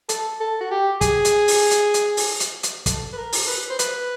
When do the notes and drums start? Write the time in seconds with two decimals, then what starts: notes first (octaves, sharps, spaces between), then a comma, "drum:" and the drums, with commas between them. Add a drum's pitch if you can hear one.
0.09 A4, drum: hi-hat
0.40 A4
0.61 F#4
0.71 G4
1.01 G#4, drum: kick, hi-hat
1.25 drum: hi-hat
1.48 drum: open hi-hat
1.71 drum: hi-hat
1.94 drum: hi-hat
2.17 drum: open hi-hat
2.40 drum: hi-hat
2.63 drum: hi-hat
2.86 A4, drum: kick, hi-hat
3.13 B4
3.17 A#4
3.32 drum: open hi-hat
3.47 B4
3.70 C5
3.79 B4, drum: hi-hat